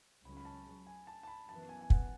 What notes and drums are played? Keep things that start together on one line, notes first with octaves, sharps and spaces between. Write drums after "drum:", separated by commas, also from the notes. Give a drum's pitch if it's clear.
C#2 C#3 F#3 C#4 B5
B5
A5
G#5
A5
A5
B5
F#2 E3 B3 A5
G#5
G#5
F#5, drum: kick